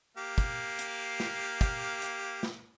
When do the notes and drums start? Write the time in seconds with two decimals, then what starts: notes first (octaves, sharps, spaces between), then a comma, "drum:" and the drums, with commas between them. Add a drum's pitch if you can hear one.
0.17 A#3 G4 F5
0.38 drum: kick, hi-hat
0.79 drum: hi-hat
1.20 drum: snare
1.61 drum: kick, hi-hat
2.02 drum: hi-hat
2.43 drum: snare